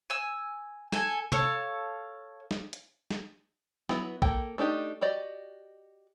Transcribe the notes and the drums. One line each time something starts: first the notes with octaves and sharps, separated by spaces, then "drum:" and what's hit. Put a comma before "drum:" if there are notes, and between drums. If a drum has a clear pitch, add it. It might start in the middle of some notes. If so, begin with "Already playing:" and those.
G#5 E6
A4 G#5, drum: snare
A4 C#5 F5 C#6, drum: tom C3
drum: snare
drum: hi-hat
drum: snare
F#3 B3 E4, drum: snare
A#3 A4 G5, drum: kick A#1
A3 D4 D#4 G4
F#4 G4 D5 D#5